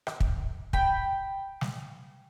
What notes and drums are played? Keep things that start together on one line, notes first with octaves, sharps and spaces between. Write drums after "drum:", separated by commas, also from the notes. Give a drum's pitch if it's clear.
drum: rim click
drum: kick
G5 B5, drum: kick
drum: snare